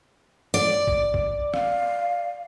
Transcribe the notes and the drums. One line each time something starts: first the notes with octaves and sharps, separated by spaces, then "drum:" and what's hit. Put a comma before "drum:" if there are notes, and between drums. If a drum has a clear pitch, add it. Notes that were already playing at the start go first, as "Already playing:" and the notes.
D5
drum: kick A#1
drum: kick A#1
F5, drum: rim click